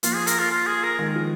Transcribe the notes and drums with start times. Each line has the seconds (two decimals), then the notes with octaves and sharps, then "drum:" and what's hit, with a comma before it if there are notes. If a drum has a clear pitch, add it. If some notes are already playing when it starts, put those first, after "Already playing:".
0.03 F3 A#3 F4, drum: hi-hat
0.15 G#4
0.27 A#4, drum: hi-hat
0.39 F4
0.51 F4
0.67 G#4
0.83 A#4
0.99 D#3 G#3
1.16 F3